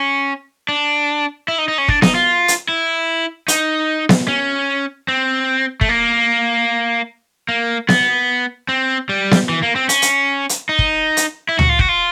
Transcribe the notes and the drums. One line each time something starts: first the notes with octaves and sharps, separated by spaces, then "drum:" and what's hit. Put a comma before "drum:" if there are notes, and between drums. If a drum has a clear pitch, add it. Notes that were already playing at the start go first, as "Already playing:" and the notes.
Already playing: C#4
D4
E4
D#4
D#4
C#4
D4, drum: kick
D#4, drum: snare B3
F4
drum: hi-hat
E4
D#4, drum: hi-hat
drum: snare B3
C#4
C4
A3, drum: kick
A#3
A#3
B3, drum: snare B3
C4
G3
drum: snare B3
E3
A#3
C4
C#4, drum: hi-hat
drum: hi-hat
drum: hi-hat
D#4
drum: kick
drum: hi-hat
E4
F#4, drum: tom C#2
F4
F#4, drum: kick
F4